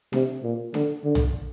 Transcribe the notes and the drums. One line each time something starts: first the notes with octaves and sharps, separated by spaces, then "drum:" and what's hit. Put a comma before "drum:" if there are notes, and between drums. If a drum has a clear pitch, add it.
C3, drum: snare D4
A#2
D3, drum: snare D4
D3
drum: tom